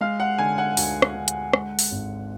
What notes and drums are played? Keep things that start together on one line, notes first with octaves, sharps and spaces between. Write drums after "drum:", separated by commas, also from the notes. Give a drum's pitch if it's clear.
G#3 F5
F#5
D3 G#5
F#5
D2, drum: open hi-hat
drum: rim click
D3
drum: hi-hat
G#3, drum: rim click
drum: open hi-hat
G#1